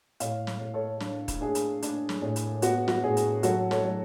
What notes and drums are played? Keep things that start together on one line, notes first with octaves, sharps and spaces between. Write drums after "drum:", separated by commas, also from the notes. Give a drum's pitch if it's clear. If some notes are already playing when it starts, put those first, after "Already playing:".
A2 C#5 F5, drum: hi-hat
drum: snare
A2
A4 C#5
D4, drum: snare
drum: kick D#1, hi-hat
D4 G#4
drum: hi-hat
D4, drum: hi-hat
drum: snare
A2
drum: hi-hat
B3 F#4, drum: hi-hat
F#4, drum: snare
A2 G#4
drum: hi-hat
F#3 F#4 A4, drum: hi-hat
A4 C#5, drum: snare
F#3